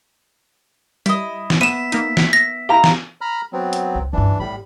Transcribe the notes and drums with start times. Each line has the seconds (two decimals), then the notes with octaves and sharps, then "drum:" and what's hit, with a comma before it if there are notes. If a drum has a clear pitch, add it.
1.06 G3 E4 D#5, drum: hi-hat
1.50 drum: snare
1.61 B3 E5 D#7 E7
1.92 A#3 D#4, drum: hi-hat
2.17 drum: snare
2.33 A#6
2.69 E4 G4 F5 A#5
2.84 drum: snare
3.21 A#5 B5 F6
3.53 F#3 B3 C4
3.73 drum: hi-hat
3.95 C2
4.13 C#2 G2 E3 D4
4.40 G#1 A2 G3 B5